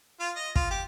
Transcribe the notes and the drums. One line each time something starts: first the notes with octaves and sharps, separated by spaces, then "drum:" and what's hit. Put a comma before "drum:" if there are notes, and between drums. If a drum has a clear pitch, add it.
F4
D#5
F4, drum: kick
G4